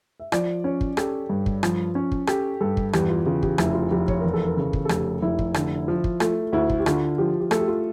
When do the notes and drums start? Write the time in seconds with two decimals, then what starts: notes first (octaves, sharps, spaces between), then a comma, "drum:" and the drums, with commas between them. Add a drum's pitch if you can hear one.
0.20 E5
0.32 F3 D5, drum: rim click
0.64 C#4 C#5
0.81 drum: kick
0.97 G4 A4, drum: rim click
1.30 G2
1.46 drum: kick
1.63 F3, drum: rim click
1.95 C#4
2.12 drum: kick
2.27 G4 A4, drum: rim click
2.61 G2 A4
2.77 drum: kick
2.93 E2 G4, drum: rim click
3.09 F4
3.26 C#3 F4
3.43 G4, drum: kick
3.58 F1 E4, drum: rim click
3.74 F4
3.91 F1 G4
4.08 C#5, drum: kick
4.21 E2 A#4
4.34 A4
4.46 A#4
4.57 C#3
4.73 drum: kick
4.85 A4
4.89 F1 G4, drum: rim click
5.22 F1 E4
5.39 drum: kick
5.54 D3, drum: rim click
5.88 F3
6.04 drum: kick
6.20 A3 F4, drum: rim click
6.53 D2 E4
6.69 drum: kick
6.79 G4
6.86 D3 F4, drum: rim click
7.18 F3 G4
7.41 G4
7.51 A3 A4, drum: rim click
7.60 G4
7.68 F4